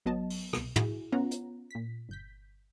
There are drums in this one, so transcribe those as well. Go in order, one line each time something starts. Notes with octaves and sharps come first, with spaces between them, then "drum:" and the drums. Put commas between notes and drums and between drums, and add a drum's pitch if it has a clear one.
G#1 F#3 B3 D#5 A5
drum: open hi-hat
C2 B2, drum: rim click
E4 F#4 G#4, drum: tom
B3 C#4 F4 C#5 F#5 A#5
drum: hi-hat
A#2 B6
G1 G6 B6